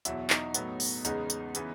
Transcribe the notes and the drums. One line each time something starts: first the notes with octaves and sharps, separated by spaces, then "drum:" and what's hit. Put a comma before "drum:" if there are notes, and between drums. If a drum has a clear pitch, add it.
E2 B2 F#3 E4, drum: hi-hat
D#4, drum: clap
A2 F#3 B3, drum: hi-hat
drum: open hi-hat
E2 C#3 G#3 B3 D#4, drum: hi-hat
drum: hi-hat
C#3 E3 B3, drum: hi-hat